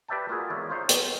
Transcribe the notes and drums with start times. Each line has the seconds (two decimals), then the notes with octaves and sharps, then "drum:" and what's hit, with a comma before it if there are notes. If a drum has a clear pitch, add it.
0.08 G4 B4 D5 E5 G5 A5
0.29 A#3 F4 F#4 G#4 A4
0.50 G#1 E2 A#4 C#5 D5 E5
0.69 D#4 F4 C5 C#5 F5
0.89 A#4 C#5, drum: hi-hat